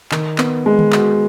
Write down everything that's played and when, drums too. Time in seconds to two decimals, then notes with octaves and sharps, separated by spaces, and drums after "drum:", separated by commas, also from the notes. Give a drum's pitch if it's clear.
0.11 D#3, drum: clap
0.38 B3, drum: clap
0.66 G#3
0.79 drum: tom D3
0.92 F#4, drum: clap